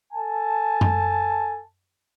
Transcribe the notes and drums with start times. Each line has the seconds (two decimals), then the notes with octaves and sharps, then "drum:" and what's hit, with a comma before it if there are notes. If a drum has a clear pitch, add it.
0.13 A4 G#5 A5
0.81 drum: tom F#2